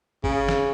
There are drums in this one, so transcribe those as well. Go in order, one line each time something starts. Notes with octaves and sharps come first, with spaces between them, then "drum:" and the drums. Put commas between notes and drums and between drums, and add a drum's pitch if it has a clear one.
C#3, drum: kick G1
drum: snare